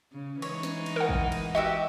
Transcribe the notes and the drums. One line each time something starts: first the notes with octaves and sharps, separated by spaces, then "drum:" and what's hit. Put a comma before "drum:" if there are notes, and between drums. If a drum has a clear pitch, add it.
C#3
E3 G#3 D#4 C#5, drum: cymbal
drum: snare
drum: cymbal
A#4 F#5
drum: kick
drum: cymbal
F#4 G4 D#5 E5